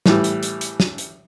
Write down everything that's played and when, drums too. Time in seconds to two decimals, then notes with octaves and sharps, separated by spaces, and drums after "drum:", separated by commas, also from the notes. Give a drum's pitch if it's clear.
0.06 A2 E3 G3, drum: snare
0.24 drum: hi-hat
0.43 drum: hi-hat
0.61 drum: hi-hat
0.80 drum: snare
0.98 drum: hi-hat